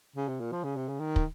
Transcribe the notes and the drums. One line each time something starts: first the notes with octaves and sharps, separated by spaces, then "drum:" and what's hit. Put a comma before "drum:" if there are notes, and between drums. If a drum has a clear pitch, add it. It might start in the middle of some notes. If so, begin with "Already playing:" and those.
C#3
C3
A#2
F3
C#3
C3
C#3
D#3
drum: kick